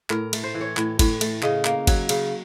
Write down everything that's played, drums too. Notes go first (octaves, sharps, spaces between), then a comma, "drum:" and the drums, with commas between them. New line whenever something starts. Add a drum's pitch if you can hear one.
A2 A#4, drum: clap
A3, drum: cymbal
C5
E3
C#5
A2, drum: clap
A2, drum: kick G1, cymbal
A3, drum: cymbal
C#3 D#5, drum: clap
A#3, drum: clap
F#3, drum: kick G1, cymbal
C#3, drum: cymbal